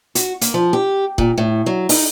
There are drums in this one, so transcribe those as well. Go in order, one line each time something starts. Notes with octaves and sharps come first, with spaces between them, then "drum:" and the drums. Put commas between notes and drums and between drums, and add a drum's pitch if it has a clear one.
F#4, drum: hi-hat
A#3, drum: hi-hat
F3
G4
A#2, drum: kick
A2
F#3
D#4, drum: open hi-hat